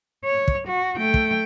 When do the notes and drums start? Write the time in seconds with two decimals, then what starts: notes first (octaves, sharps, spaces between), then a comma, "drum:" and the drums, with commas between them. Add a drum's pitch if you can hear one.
0.25 C#5
0.48 drum: kick
0.67 F#4
0.97 A3 G5
1.14 drum: kick